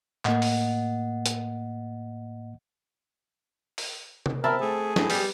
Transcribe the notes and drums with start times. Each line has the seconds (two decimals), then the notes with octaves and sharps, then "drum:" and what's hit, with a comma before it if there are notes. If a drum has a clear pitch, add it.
0.25 A2 A#3 D#5 F#5, drum: clap
0.42 drum: open hi-hat
1.26 drum: hi-hat
3.78 drum: open hi-hat
4.26 drum: tom C3
4.44 C4 A#4 E5 A5 B5
4.61 A3 G#4
4.96 A2 E3 F#3 D4, drum: snare
5.10 G3 B3 G4, drum: open hi-hat